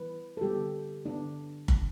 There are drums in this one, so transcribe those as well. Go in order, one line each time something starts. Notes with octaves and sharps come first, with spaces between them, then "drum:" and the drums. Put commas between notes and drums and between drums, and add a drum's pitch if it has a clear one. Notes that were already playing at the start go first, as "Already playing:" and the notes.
Already playing: E3 G3 B3 B4
A4
D3 G3 B3 G4
D3 B3 D4
drum: kick F#1